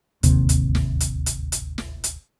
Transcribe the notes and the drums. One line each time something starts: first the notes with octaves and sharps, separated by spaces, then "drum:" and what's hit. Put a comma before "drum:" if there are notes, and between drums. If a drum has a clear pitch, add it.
D1 G#1 D#2 C3, drum: hi-hat
drum: hi-hat
drum: snare
drum: hi-hat
drum: hi-hat
drum: hi-hat
drum: snare
drum: hi-hat